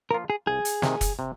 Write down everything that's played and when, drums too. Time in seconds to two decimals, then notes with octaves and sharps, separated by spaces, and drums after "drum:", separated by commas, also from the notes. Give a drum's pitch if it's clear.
0.11 F3 A#3 F4 A#4
0.30 G#4
0.47 C2 G#4
0.65 drum: hi-hat
0.82 C3 D#3, drum: snare
1.01 drum: kick, hi-hat
1.19 C3